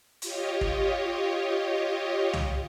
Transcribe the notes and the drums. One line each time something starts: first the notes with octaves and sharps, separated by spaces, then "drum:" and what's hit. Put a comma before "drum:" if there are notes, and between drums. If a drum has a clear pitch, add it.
F4 G4 C#5 D#5, drum: hi-hat
drum: kick
drum: tom